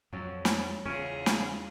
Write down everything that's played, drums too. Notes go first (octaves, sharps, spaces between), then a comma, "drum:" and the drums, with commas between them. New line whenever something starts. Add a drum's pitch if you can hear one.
F2 F#3
drum: snare
E2 C#3 C#4 F4 G#4
drum: snare